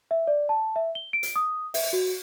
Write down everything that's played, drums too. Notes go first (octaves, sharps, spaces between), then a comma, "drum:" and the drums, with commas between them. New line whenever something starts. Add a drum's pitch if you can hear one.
E5
D5
A5
E5
G7
D7
drum: hi-hat
D#6
E5, drum: open hi-hat
F#4